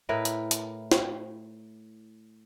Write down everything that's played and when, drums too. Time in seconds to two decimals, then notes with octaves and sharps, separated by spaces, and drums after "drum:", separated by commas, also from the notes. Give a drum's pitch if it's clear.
0.09 A2 E4 A#4 B4
0.25 drum: hi-hat
0.51 drum: hi-hat
0.92 drum: snare